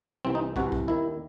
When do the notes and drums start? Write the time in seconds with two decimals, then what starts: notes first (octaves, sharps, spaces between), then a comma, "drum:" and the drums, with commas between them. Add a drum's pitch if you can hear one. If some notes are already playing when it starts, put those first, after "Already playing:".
0.25 C2 C3 E3 C4
0.35 D#4
0.56 C2 C3 E3 F#4, drum: kick
0.72 drum: kick
0.88 D#2 D#3 E4